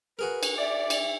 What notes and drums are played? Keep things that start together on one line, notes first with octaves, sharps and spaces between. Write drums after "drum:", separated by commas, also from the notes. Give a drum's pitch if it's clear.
F#4 G#4 A#4 B4
drum: cymbal
D5 E5
drum: cymbal